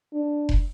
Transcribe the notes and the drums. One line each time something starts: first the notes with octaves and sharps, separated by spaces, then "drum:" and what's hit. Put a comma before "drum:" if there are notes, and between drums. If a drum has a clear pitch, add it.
D4
drum: kick F1